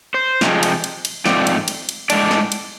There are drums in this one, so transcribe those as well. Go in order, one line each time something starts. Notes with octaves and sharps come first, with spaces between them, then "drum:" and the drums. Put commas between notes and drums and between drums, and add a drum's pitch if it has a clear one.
C5
F2 C3 F3 G#3, drum: snare
drum: cymbal
drum: cymbal
drum: cymbal
G#2 F3 A3 C4 D5, drum: snare
drum: cymbal
drum: cymbal
drum: cymbal
A2 G#3 D4 D5, drum: cymbal
drum: snare
drum: cymbal